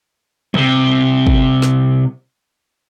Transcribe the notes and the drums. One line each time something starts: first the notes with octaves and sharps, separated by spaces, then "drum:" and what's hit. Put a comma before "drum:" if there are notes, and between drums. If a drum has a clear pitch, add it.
C2 C3, drum: tom
drum: kick
drum: snare